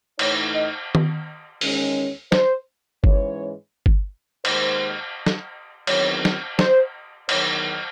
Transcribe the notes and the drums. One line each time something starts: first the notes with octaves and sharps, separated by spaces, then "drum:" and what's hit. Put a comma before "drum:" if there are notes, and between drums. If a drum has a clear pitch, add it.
A2 E3 A3 D#4 C#5, drum: cymbal
D#5
drum: tom D#3
E2 D#3 G#3 C#4, drum: open hi-hat
C5, drum: snare
G#2 E3 G#3 C#4 C#5, drum: kick G1
drum: kick G1
D#2 D#3 G#3 C5, drum: cymbal
drum: snare
E2 D#3 F#3 C4 C#5, drum: cymbal
drum: snare
C5, drum: snare
E2 D#3 F#3 C#5, drum: cymbal